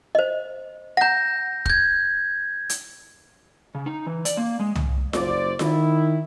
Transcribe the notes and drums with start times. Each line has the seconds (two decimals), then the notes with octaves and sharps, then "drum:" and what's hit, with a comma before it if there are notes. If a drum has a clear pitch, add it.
0.15 C5 D#5
0.97 F#5 A#5 G6 A#6
1.66 G6 G#6, drum: kick
2.69 drum: hi-hat
3.75 C#3
3.86 D#4
4.07 E3
4.25 D5, drum: hi-hat
4.37 A#3
4.60 G#3
4.75 drum: tom
5.13 F#1 C5 D5, drum: snare F4
5.59 D#3 E4, drum: snare F4